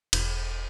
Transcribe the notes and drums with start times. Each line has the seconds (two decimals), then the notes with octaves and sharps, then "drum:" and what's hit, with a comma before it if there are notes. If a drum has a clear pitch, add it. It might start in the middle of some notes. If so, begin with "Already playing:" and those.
0.13 E1, drum: cymbal